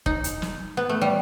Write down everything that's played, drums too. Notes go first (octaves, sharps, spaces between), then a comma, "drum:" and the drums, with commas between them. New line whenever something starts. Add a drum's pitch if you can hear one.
D#4, drum: kick
drum: hi-hat
drum: snare
B3
A3
G3